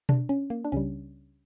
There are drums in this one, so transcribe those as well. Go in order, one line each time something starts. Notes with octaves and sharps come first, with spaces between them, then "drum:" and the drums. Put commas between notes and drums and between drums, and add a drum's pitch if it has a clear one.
D4, drum: tom B2
C#4
A#3
D4
C#2 C#3 G3 C#4